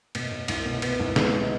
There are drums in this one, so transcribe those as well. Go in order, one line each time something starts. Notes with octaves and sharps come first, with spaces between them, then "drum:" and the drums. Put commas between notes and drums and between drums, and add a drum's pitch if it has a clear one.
B2, drum: cymbal
B2
C2, drum: cymbal
B2
B3, drum: cymbal
C2
B3, drum: snare
G#3